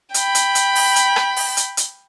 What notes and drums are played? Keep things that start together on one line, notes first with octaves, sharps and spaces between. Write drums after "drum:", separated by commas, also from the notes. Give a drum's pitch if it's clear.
G5 B5, drum: hi-hat
drum: hi-hat
drum: hi-hat
drum: open hi-hat
drum: hi-hat
drum: rim click
drum: open hi-hat
drum: hi-hat
drum: hi-hat